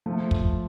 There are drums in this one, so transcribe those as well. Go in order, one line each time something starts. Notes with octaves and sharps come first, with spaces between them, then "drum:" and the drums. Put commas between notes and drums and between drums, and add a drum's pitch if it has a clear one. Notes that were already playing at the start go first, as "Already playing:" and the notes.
F3 A3
drum: kick